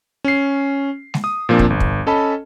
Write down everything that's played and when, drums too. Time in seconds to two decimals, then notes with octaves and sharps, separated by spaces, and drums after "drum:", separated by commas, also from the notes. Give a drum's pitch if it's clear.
0.24 C#4 C7
1.14 drum: snare G#3
1.24 D#6
1.49 A#2 F3 A#3 C4 D4
1.59 drum: kick
1.70 G1
1.80 drum: kick
2.07 C#4 A4 D#5 A5 B5